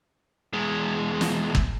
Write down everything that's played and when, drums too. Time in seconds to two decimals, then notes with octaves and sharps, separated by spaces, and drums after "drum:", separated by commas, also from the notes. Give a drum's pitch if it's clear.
0.53 E2 G#3
1.21 drum: snare
1.55 drum: kick